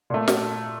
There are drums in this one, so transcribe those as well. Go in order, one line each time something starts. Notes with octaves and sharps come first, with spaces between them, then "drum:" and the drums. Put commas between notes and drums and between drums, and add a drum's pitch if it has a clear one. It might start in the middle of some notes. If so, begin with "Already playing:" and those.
A#2 A3
drum: snare